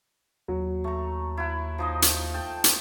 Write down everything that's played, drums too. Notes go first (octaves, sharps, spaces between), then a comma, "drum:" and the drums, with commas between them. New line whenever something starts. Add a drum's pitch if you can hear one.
D#2 F#3
A3 A#5
E4 F#5
F3 D#4 D#5
drum: hi-hat
A4 G5 A5
drum: hi-hat